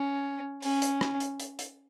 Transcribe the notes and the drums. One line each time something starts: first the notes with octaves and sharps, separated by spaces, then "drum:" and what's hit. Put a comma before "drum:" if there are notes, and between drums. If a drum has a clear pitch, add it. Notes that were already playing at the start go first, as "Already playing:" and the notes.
Already playing: C#4
C#4, drum: open hi-hat
drum: hi-hat
drum: rim click
drum: hi-hat
drum: hi-hat
drum: hi-hat